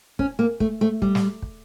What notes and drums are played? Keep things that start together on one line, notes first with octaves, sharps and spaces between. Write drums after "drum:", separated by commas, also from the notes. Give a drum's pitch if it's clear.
C#4, drum: kick
A#3
A3, drum: kick
A3
G3, drum: kick
drum: snare
drum: kick